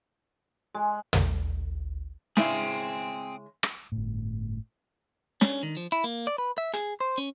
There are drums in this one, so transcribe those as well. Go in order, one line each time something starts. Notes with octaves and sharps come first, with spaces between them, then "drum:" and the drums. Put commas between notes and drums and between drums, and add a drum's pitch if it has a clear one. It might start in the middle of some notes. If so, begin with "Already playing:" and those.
G#3
drum: tom
C#3 G#3 C4 E4 G#4, drum: snare
drum: rim click
G1 A2
C#4, drum: snare
D#3
F3
E4
A#3
D5
B4
E5
G#4, drum: hi-hat
C5
C#4